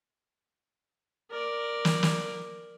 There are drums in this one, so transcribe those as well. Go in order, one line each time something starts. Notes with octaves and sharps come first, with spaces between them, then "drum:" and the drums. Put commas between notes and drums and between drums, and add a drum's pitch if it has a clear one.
A#4 D5
drum: snare
drum: snare